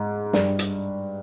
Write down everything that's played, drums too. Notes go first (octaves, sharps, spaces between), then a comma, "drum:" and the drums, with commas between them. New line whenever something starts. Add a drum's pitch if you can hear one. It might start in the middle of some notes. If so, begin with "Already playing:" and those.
Already playing: G#2
G2, drum: snare
drum: hi-hat